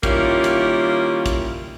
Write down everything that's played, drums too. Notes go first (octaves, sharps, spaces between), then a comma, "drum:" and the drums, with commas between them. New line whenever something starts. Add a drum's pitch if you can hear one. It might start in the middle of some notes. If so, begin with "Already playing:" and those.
D#3 G3 A#3 C#4 E4 F4, drum: kick, hi-hat
drum: hi-hat
drum: kick, hi-hat